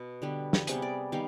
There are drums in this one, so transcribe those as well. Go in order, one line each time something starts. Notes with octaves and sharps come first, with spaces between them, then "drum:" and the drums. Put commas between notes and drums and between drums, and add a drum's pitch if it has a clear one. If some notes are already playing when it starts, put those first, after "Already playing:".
Already playing: B2 B4
D3 G3 B3
drum: snare
C3 G3 B3 G#4, drum: hi-hat
D5
D#3 G3 B3 F5